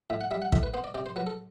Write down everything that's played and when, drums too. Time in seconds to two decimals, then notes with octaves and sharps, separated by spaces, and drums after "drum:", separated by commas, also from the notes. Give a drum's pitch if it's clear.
0.10 A2 E5
0.21 F#5
0.31 G3 E5
0.42 F#5
0.52 A2 E5, drum: kick
0.63 B4
0.74 B3 C5
0.84 D5
0.94 C3 D5
1.06 C5
1.16 F#3 B4
1.27 A4